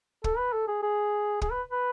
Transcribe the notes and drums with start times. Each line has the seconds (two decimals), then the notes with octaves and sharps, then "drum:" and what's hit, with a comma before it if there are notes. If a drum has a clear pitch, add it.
0.24 A4, drum: kick
0.38 B4
0.53 A4
0.68 G#4
0.83 G#4
1.42 G#4, drum: kick
1.51 B4
1.71 B4